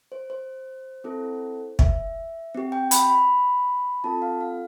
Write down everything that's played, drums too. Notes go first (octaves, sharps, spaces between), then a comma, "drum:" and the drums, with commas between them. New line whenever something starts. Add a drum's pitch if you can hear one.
C5
C5
C4 E4 A4
E5, drum: kick
C4 G4
G5
B5, drum: hi-hat
B5
C4 F4 A4 A5
F5
F5